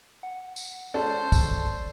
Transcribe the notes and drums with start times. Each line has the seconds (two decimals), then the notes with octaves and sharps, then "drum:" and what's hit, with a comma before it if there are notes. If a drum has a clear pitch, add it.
0.23 F#5
0.56 drum: tambourine
0.94 G#3 C#4 A4 C5 D5
1.32 drum: kick, tambourine